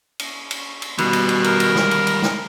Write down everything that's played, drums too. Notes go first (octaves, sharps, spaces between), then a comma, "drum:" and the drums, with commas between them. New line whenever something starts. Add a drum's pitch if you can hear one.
drum: cymbal
drum: cymbal
drum: cymbal
B2 D#3 G3, drum: cymbal
drum: cymbal
drum: cymbal
A#4, drum: cymbal
drum: cymbal
drum: snare
drum: cymbal
drum: cymbal
drum: snare